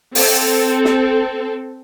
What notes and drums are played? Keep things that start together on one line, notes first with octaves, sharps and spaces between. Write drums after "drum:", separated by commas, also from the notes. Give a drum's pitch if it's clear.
C4 A4, drum: open hi-hat
drum: snare